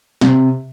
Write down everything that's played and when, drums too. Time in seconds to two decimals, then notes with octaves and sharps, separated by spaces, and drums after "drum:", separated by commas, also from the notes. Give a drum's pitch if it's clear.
0.21 C3, drum: snare